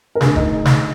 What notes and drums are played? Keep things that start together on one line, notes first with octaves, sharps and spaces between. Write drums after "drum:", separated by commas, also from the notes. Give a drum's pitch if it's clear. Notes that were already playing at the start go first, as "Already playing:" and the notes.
A#4
D2 D3 G#4, drum: snare
D#4, drum: kick F1
drum: snare